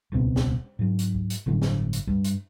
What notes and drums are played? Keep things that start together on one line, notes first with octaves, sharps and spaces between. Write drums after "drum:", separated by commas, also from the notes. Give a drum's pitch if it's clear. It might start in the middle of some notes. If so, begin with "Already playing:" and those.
D#1 C#2 B2 C4
drum: snare
G#2 F#3
drum: hi-hat
drum: kick
drum: hi-hat
G1 A2 D3 F#3
drum: snare
drum: hi-hat
G2, drum: kick
drum: hi-hat